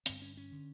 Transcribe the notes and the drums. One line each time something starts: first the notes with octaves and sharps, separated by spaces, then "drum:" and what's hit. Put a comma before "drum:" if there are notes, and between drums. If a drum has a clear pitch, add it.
G2 D3 C4, drum: hi-hat
C#4
C#4
D3